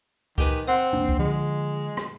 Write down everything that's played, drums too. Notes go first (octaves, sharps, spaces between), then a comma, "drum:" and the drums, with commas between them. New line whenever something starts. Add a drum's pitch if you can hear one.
D#3 G4 G#4 B4, drum: kick C#2
C4 F#5
E1 A#3 D4
drum: kick C#2
D3 F3 G#3
drum: rim click